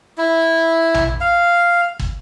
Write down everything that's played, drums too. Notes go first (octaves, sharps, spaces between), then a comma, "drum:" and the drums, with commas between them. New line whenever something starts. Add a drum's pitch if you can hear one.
E4
drum: tom A#1
F5
drum: kick